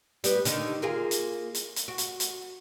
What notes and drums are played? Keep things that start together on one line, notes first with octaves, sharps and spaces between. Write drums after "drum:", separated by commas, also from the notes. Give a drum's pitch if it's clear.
G3 B3, drum: hi-hat
D3 D#3 D#4, drum: hi-hat
A#3 F4 G#4
drum: hi-hat
drum: hi-hat
drum: hi-hat
F#4
drum: hi-hat
drum: hi-hat